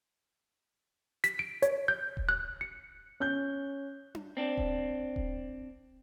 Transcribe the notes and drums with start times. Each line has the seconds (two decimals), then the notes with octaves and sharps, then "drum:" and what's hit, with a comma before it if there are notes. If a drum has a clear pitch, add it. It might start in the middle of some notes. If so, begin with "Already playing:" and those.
1.24 B6, drum: hi-hat
1.39 D7
1.62 C#5, drum: hi-hat
1.88 G6
2.17 drum: kick D#1
2.29 F#6
2.61 C#7
3.20 C#4 F#6 G6
4.15 drum: tom D4
4.37 C4 D4
4.57 drum: kick D#1
5.16 drum: kick D#1